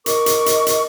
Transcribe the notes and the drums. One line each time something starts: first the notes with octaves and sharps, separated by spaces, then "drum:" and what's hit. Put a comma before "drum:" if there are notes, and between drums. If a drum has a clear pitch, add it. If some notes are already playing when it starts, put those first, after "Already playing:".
A#4 D#5 C#6 D6, drum: hi-hat
drum: hi-hat
drum: hi-hat
drum: hi-hat